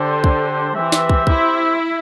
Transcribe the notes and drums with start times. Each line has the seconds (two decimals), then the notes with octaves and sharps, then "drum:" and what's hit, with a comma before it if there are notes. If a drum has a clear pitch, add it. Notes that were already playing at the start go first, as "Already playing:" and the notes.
Already playing: D3 D4 G4 C5
0.24 drum: kick
0.75 E3 C4 G4 C5 E5
0.92 drum: snare
1.09 drum: kick
1.27 E4, drum: kick